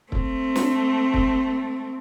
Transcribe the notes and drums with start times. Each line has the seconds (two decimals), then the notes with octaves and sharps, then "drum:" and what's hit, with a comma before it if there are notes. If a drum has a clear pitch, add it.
0.12 A3 C4, drum: kick
0.56 drum: snare
1.14 drum: kick